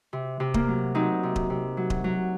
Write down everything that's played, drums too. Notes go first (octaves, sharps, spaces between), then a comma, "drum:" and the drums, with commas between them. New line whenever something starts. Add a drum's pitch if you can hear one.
C3
C3
A#3, drum: kick D#1
F#3
F#3 C4 D#4
C3
drum: kick D#1
C3
F#3
drum: kick D#1
F#3